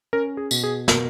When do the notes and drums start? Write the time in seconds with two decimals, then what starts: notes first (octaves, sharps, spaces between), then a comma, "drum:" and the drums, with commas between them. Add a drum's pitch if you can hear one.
0.13 C#4 A#4
0.37 G#4
0.51 B2, drum: tambourine
0.64 G#4
0.88 B2 A#4, drum: snare